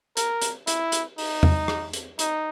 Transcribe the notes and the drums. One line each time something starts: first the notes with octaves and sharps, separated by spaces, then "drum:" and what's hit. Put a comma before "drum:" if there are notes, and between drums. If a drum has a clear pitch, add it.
A#4, drum: hi-hat
drum: hi-hat
E4, drum: hi-hat
drum: hi-hat
D#4, drum: open hi-hat
drum: tom E2
drum: rim click
drum: hi-hat
D#4, drum: hi-hat